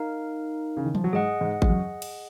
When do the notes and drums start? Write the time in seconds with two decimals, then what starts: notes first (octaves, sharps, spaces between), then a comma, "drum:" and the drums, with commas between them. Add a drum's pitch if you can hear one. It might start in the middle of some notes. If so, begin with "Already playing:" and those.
Already playing: D#4 A#4 F5
0.77 C#3
0.85 D#3
0.95 F3, drum: tom
1.04 F#3
1.13 G#2 G#3 G#4 D#5 F#5
1.41 G#2 G#3
1.62 G#3, drum: kick G#1
1.69 F#2 F#3
2.02 drum: cymbal